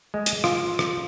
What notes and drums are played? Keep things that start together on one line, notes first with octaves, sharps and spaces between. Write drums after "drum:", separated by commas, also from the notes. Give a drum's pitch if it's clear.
G#3
drum: hi-hat
F4, drum: rim click
drum: rim click